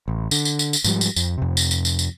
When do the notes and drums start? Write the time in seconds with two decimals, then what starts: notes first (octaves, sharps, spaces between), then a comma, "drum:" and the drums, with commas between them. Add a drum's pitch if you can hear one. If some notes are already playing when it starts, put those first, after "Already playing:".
0.08 A1
0.31 D3, drum: tambourine
0.45 drum: tambourine
0.59 drum: tambourine
0.73 drum: tambourine
0.84 G#2 F3 G3, drum: tambourine
1.01 drum: tambourine
1.16 F2, drum: tambourine
1.38 F2 C3
1.57 drum: tambourine
1.71 drum: tambourine
1.85 drum: tambourine
1.99 drum: tambourine